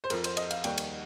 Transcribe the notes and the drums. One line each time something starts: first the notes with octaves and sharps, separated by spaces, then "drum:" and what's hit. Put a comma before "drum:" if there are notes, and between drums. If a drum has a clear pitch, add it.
C5
F2 F3 A#4, drum: cymbal
C5, drum: cymbal
D#5, drum: cymbal
F5, drum: cymbal
D#2 D#3 G3 G5, drum: cymbal
drum: cymbal